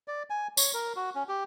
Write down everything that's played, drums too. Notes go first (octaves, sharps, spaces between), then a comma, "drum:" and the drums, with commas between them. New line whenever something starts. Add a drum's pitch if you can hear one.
D5
G#5
C#5, drum: tambourine
A#4
F#4
C#4
G4